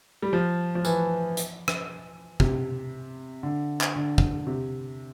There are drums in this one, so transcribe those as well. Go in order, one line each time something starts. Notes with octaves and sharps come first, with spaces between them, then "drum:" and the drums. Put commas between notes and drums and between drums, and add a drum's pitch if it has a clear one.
G3
F3
F3
E3, drum: tambourine
drum: hi-hat
drum: rim click
C3, drum: kick
D3
drum: clap
D3
drum: kick
C3